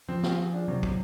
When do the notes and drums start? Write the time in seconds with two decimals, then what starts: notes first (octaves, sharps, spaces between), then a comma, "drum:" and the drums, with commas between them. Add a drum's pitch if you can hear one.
0.08 F3 C4
0.23 F4, drum: snare
0.38 G#4
0.53 D4
0.68 C3 F#3
0.83 C3, drum: kick